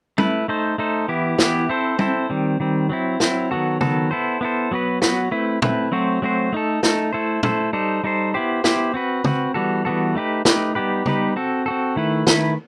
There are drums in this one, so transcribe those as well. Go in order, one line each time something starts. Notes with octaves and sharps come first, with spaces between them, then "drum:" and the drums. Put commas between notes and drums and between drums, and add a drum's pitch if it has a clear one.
A3 E4 B4, drum: tom
A3 D#4 A4 C5
A3 D#4 A4 C5
E3 B3 E4 G4
E3 B3 E4 G4, drum: snare
C4 E4 A4 C5
C4 E4 A4 C5, drum: tom
D#3 G3 C4
D#3 G3 C4
F#3 C4 E4
F#3 C4 E4, drum: snare
D#3 F#3 B3 F#4 A4
D#3 F#3 B3 F#4 A4, drum: tom
B3 E4 A4 C5
B3 E4 A4 C5
F#3 B3 F#4 B4
F#3 B3 F#4 B4, drum: snare
A3 C4 E4 B4
A3 C4 E4 B4, drum: tom
F#3 A3 C4 F#4 C5
F#3 A3 C4 F#4 C5
A3 D#4 A4
A3 D#4 A4, drum: snare
A3 E4 A4 C5
A3 E4 A4 C5, drum: tom
G3 D#4 A4 C5
G3 D#4 A4 C5
B3 E4 G4 C5
B3 E4 G4 C5, drum: snare
C4 F#4 B4
C4 F#4 B4, drum: tom
E3 G3 B3 F#4 A4
E3 G3 B3 F#4 A4
A3 D#4 G4 B4
A3 D#4 G4 B4, drum: snare
G3 B3 D#4 G4 B4
G3 B3 D#4 G4 B4, drum: tom
C4 F#4 A4
C4 F#4 A4
D#3 A3 E4 B4
D#3 A3 E4 B4, drum: snare